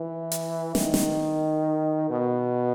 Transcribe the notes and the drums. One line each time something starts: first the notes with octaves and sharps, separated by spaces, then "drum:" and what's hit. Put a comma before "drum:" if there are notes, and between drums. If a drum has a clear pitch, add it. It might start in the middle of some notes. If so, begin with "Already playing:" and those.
Already playing: E3
drum: hi-hat
D#3, drum: snare
drum: snare
B2